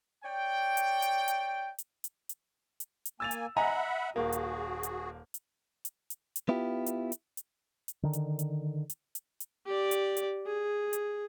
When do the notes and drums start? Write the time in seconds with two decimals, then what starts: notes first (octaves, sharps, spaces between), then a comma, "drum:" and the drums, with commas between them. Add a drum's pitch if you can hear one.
0.24 C#5 D5 G5
0.77 drum: hi-hat
1.02 drum: hi-hat
1.28 drum: hi-hat
1.78 drum: hi-hat
2.04 drum: hi-hat
2.29 drum: hi-hat
2.80 drum: hi-hat
3.05 drum: hi-hat
3.20 A#3 G#5 E6 A6 F7
3.31 drum: hi-hat
3.57 D#5 E5 F#5 G#5 A#5 B5
4.16 D#1 A#3 F#4 G#4
4.32 drum: hi-hat
4.83 drum: hi-hat
5.34 drum: hi-hat
5.85 drum: hi-hat
6.10 drum: hi-hat
6.36 drum: hi-hat
6.49 B3 E4 F4 G4
6.86 drum: hi-hat
7.12 drum: hi-hat
7.37 drum: hi-hat
7.88 drum: hi-hat
8.03 D3 D#3
8.13 drum: hi-hat
8.39 drum: hi-hat
8.90 drum: hi-hat
9.15 drum: hi-hat
9.40 drum: hi-hat
9.66 G4 D5
9.91 drum: hi-hat
10.17 drum: hi-hat
10.46 G#4
10.93 drum: hi-hat